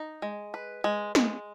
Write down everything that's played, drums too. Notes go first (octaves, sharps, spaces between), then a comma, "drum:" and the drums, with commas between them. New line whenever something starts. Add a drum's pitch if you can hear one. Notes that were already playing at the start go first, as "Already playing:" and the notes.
Already playing: D#4
G#3
B4
G#3
G#3, drum: snare